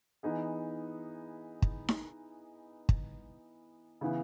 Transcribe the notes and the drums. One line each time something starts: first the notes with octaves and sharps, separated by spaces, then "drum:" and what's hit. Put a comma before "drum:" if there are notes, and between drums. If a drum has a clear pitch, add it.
E3 B3 D#4 G#4
drum: kick
drum: snare D#4
drum: kick
C#3 E3 B3 E4